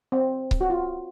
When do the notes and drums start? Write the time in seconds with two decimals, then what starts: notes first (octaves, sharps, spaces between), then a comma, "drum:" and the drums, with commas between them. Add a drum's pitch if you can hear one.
0.12 C4
0.51 drum: kick C#1
0.61 F#4
0.70 F4